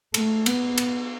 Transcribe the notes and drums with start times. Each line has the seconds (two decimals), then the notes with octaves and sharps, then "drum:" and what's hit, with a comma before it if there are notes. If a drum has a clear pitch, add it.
0.14 A3, drum: cymbal
0.46 B3, drum: cymbal
0.78 drum: cymbal